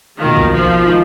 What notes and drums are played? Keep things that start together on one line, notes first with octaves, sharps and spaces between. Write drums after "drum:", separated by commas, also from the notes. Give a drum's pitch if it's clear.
B2 D#3 A#3 F4
drum: kick
F3
D#3 G#3 D#4